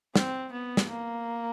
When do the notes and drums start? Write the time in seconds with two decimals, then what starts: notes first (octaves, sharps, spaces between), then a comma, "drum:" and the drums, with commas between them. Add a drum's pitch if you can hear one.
0.16 C4, drum: snare
0.52 B3
0.77 drum: snare
0.90 A#3